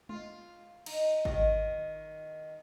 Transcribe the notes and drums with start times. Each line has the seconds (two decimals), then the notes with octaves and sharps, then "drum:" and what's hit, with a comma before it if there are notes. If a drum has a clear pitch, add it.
0.09 F4, drum: tom G#3
0.86 D#4, drum: cymbal
1.25 D#3 D#5, drum: kick G#1